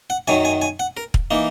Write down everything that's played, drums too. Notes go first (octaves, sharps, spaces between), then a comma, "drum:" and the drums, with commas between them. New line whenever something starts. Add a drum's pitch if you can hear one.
F#5
F#2 D#3 F#3 G#5
G#5
G#5
F#5
A#4
drum: kick
E3 A#3 D#4